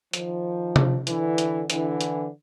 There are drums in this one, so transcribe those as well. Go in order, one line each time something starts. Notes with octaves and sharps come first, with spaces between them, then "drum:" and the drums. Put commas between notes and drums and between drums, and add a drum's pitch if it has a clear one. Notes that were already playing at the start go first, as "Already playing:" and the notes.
D#3 F3, drum: hi-hat
drum: tom C3
D3 E3, drum: hi-hat
drum: hi-hat
D3 E3, drum: hi-hat
drum: hi-hat